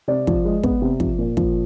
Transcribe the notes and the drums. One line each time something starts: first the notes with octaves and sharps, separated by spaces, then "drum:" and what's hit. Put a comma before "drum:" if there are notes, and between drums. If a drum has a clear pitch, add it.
C3 D5
F3, drum: kick
G#3
B3, drum: kick
C3
F3, drum: kick
A#2
F3, drum: kick